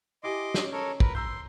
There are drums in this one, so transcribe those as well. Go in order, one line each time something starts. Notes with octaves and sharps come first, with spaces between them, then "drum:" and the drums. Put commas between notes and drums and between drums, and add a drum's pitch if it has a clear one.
E4 G4 D#5 G#5 C6 D6
C#4, drum: snare
A4 A#4 C#5
A#4 B4, drum: kick
A#5 C6 E6 G6